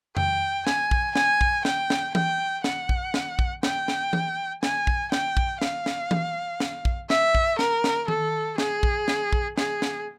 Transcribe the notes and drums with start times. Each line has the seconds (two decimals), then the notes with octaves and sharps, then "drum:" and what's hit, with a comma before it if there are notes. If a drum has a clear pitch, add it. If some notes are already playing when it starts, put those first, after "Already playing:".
0.17 G5, drum: tom F2
0.67 G#5, drum: snare
0.91 drum: kick A#1
1.15 G#5, drum: snare
1.41 drum: kick A#1
1.65 G5, drum: snare
1.90 drum: snare
2.15 G5, drum: tom E3
2.64 F#5, drum: snare
2.89 drum: kick A#1
3.14 drum: snare
3.39 drum: kick A#1
3.63 G5, drum: snare
3.88 drum: snare
4.13 drum: tom E3
4.63 G#5, drum: snare
4.87 drum: kick A#1
5.12 G5, drum: snare
5.37 drum: kick A#1
5.62 F5, drum: snare
5.86 drum: snare
6.11 drum: tom E3
6.60 drum: snare
6.85 drum: kick A#1
7.10 E5, drum: snare
7.35 drum: kick A#1
7.59 A#4, drum: snare
7.84 drum: snare
8.08 A4, drum: tom D#3
8.58 G#4, drum: snare
8.83 drum: kick A#1
9.08 drum: snare
9.33 drum: kick A#1
9.58 G#4, drum: snare
9.82 drum: snare